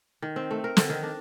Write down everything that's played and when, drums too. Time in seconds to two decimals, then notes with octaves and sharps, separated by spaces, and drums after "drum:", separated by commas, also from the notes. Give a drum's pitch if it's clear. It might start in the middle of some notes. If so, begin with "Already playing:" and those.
0.22 D#3
0.36 C4
0.51 A3
0.64 A#4
0.77 D3, drum: snare
0.90 D#3
1.03 D4